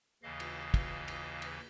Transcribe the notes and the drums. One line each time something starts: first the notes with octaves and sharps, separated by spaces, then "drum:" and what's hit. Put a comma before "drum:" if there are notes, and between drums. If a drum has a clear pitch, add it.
D#2 C#3 E3 D#5 F5
drum: cymbal
drum: kick, cymbal
drum: cymbal
drum: cymbal